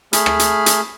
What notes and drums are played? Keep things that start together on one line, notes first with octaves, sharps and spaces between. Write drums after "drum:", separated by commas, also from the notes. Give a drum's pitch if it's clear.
A3 G#4 B5 F6, drum: hi-hat
drum: rim click
drum: hi-hat
drum: hi-hat